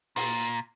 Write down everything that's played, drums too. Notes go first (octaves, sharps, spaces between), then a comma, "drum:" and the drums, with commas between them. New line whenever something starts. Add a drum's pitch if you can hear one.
A#2, drum: open hi-hat